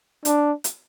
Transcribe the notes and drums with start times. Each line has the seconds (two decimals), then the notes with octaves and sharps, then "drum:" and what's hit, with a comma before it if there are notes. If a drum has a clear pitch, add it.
0.25 D4, drum: hi-hat
0.64 drum: hi-hat